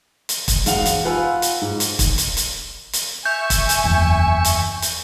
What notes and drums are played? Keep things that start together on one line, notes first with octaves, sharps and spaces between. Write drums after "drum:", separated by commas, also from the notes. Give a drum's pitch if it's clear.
drum: hi-hat
drum: kick, hi-hat
E1 G#2 F5 F#5 F7, drum: hi-hat
drum: hi-hat
F4 B4 F#5 G#5 E6
drum: hi-hat
G#2
drum: hi-hat
drum: kick, hi-hat
drum: hi-hat
drum: hi-hat
drum: hi-hat
E5 G#5 C#6 G6
drum: kick, hi-hat
drum: hi-hat
F#1 E2
drum: hi-hat
drum: hi-hat